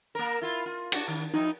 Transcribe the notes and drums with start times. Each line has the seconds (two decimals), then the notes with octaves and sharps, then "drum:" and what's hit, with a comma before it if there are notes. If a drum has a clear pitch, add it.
0.15 A#3 A#4
0.41 E4 F4
0.66 F4
0.92 D4 F#4, drum: cymbal
1.08 D#3
1.34 F3 D#4 E4